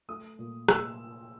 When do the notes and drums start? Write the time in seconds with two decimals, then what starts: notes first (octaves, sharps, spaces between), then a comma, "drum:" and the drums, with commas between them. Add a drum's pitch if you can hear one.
0.09 A3 D#6
0.39 A#2
0.68 A#2 E6, drum: rim click